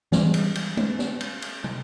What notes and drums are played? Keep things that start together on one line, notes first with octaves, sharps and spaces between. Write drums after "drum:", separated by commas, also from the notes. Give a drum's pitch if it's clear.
E3 G3 G#3, drum: snare
drum: cymbal
drum: cymbal
drum: tom G#3
drum: snare
drum: cymbal
drum: cymbal
drum: tom